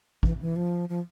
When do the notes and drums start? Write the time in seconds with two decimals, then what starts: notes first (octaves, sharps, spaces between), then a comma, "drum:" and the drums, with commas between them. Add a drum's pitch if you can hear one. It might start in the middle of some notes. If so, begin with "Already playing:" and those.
0.23 E3, drum: kick
0.41 E3
0.56 F3
0.89 F3